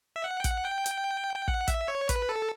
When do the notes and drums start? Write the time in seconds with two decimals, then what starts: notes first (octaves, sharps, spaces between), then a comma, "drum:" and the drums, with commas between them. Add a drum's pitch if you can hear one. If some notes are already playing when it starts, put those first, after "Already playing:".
0.16 E5
0.24 F#5
0.40 G5
0.44 F#5, drum: kick, hi-hat
0.65 G5
0.86 drum: hi-hat
1.36 G5
1.48 F#5, drum: kick
1.68 E5, drum: kick, hi-hat
1.88 C#5
2.09 B4, drum: kick, hi-hat
2.29 A4